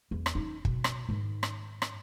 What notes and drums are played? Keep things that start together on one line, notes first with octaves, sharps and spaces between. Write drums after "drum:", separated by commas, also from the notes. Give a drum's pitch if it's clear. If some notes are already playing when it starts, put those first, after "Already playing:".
E2
drum: rim click
C#4 D#4
B2, drum: kick
drum: rim click
G#2 D#3
drum: rim click
drum: rim click